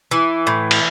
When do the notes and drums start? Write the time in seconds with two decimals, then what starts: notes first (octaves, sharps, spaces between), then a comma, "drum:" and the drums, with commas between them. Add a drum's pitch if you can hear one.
0.11 E3
0.47 A2
0.71 drum: cymbal